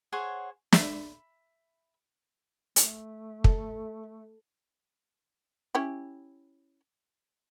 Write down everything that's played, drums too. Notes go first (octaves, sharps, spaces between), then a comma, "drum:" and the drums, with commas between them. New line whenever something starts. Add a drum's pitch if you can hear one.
G#4 C5 C#5 F#5
E5 B5, drum: snare
A3, drum: hi-hat
A4, drum: kick
C#4 E4 G4